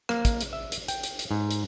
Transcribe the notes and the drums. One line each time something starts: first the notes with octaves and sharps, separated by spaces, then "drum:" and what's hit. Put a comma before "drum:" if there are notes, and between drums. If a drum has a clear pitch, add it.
A#3, drum: rim click
drum: kick, hi-hat
drum: hi-hat
E5
drum: hi-hat
G5, drum: hi-hat
drum: hi-hat
drum: hi-hat
G#2
drum: hi-hat